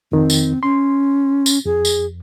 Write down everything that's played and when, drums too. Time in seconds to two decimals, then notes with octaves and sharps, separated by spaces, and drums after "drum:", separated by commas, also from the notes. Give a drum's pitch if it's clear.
0.12 F2 D#3 C4
0.30 drum: tambourine
0.63 C#4 C6
1.46 drum: tambourine
1.65 F2 G#4
1.85 drum: tambourine